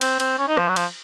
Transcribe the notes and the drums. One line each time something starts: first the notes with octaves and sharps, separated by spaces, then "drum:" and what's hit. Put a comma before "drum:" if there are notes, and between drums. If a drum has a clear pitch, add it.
C4, drum: cymbal
C4, drum: cymbal
C#4
D#4
F3, drum: rim click
F#3
F3, drum: cymbal